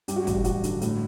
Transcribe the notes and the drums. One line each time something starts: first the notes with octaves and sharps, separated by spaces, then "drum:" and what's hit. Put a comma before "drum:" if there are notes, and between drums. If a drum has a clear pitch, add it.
G2 G4, drum: hi-hat
F#4
G4
A1, drum: kick, hi-hat
G4
F#3 F#4, drum: hi-hat
D3, drum: hi-hat
A2, drum: hi-hat